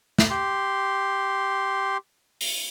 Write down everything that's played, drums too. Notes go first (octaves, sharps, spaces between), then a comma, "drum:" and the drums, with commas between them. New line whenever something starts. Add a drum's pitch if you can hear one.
drum: snare
G4 C6
drum: open hi-hat